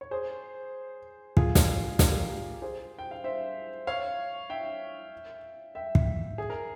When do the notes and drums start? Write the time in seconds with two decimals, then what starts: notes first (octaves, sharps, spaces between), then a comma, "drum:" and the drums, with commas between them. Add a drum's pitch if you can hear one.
0.01 C#5
0.11 G#4 C5
1.37 F4 G#4, drum: kick
1.55 drum: snare
1.99 G4 A#4, drum: snare
2.62 G#4 C5
2.98 G5
3.11 F5
3.24 C5 E5
3.87 C#5 F5
4.50 E5 G5
5.75 E5 G5
5.95 drum: kick
6.38 G#4
6.50 A#4